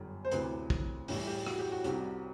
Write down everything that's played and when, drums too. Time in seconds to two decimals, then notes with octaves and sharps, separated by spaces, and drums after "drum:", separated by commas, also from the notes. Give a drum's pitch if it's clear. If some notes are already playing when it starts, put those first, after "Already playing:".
Already playing: G1 F#2 D3 G3
0.25 C5
0.31 D2 C3 E3 B4, drum: hi-hat
0.70 drum: kick
1.08 A1 A2 E3 G3, drum: open hi-hat
1.27 G4
1.46 F#4, drum: rim click
1.59 G4
1.72 F#4
1.84 C2 C3 G3, drum: hi-hat